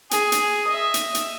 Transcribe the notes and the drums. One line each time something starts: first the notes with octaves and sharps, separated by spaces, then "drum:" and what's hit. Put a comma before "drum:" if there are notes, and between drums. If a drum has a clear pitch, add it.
G#4, drum: hi-hat
drum: hi-hat
D#5 E5
drum: hi-hat
drum: hi-hat